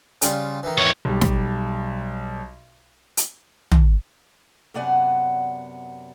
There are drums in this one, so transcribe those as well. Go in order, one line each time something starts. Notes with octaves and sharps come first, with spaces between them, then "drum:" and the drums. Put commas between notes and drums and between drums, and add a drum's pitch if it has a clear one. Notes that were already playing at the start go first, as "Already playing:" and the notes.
C#3 G3 F4, drum: hi-hat
D#3 E3
E2 C#5
B1 G3
drum: snare
drum: hi-hat
drum: tom
F#2 C3 B3 D5 F#5 G#5